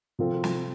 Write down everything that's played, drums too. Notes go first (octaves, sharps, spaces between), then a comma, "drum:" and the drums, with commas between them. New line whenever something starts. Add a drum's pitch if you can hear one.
C3 F3 C4 F4 A4
drum: snare